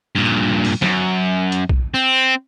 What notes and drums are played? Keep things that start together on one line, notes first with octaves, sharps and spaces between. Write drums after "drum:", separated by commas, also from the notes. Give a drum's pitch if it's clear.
G2 A#2
drum: open hi-hat
F#2, drum: snare
drum: hi-hat
drum: kick
C4